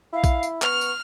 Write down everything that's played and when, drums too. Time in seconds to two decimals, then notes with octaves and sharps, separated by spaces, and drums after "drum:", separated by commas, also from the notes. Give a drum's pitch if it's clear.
0.13 E4 F5
0.24 drum: kick, tambourine
0.43 drum: tambourine
0.62 B3 C#6 F6, drum: clap
0.81 drum: tambourine